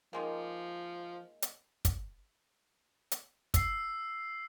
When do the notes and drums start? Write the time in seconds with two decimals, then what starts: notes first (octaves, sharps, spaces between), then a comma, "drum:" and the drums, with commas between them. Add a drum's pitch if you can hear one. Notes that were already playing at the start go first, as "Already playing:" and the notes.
0.13 D#3 F3 G#3 A#3
1.42 drum: hi-hat
1.85 drum: kick, hi-hat
3.12 drum: hi-hat
3.54 E6 C7, drum: kick, hi-hat